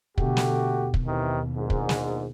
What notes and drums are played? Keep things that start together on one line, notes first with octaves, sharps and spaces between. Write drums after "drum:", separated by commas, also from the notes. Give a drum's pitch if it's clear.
B2 D3 A3 F#4 G4, drum: kick
drum: snare
D#2 B2
drum: kick
C3 D#3 E3
A#1 G#2
drum: kick
drum: snare